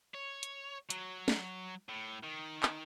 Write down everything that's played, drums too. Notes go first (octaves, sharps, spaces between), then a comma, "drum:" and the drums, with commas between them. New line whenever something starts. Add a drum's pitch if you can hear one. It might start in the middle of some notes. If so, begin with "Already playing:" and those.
C#5
drum: hi-hat
F#3, drum: hi-hat
drum: snare
A2
D#3
drum: clap